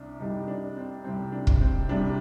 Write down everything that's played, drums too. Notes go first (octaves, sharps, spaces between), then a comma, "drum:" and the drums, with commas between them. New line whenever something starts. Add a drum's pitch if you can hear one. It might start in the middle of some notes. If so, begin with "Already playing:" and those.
Already playing: C2 C3 D4
C2 C3 G3 D#4
D4
C4
C2 C3 G3 C4
D4
drum: kick
C4
C2 C3 G3 D4